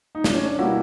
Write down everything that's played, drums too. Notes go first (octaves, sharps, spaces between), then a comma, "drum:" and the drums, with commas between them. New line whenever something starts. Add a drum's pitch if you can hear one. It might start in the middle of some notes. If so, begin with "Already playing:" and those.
D#4
D4, drum: snare
C#4
D4
B2 G3 A#3 E4 F#4